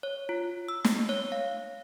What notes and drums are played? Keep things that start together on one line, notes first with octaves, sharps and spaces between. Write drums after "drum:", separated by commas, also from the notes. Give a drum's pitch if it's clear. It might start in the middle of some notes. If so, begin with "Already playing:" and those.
C#5
F4
E6
drum: snare
C#5
F5